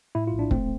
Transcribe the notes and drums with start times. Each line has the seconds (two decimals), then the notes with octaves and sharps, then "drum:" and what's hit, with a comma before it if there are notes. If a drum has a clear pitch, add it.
0.15 A2 E4
0.27 F4
0.33 A#1
0.39 D4
0.51 A3 C4, drum: kick